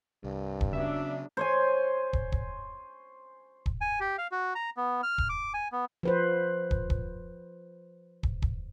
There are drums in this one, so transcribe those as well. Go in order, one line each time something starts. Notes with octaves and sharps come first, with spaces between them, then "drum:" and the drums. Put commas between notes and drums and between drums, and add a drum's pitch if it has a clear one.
C2 G2
drum: kick
C#3 F#3 B3 C#4 D4 E5
C5 C#5 G#5
drum: kick
drum: kick
drum: kick
G#5
G4
F5
F#4
A#5
B3
F6
drum: kick
D6
G#5
B3
F3 B4 C5
drum: kick
drum: kick
drum: kick
drum: kick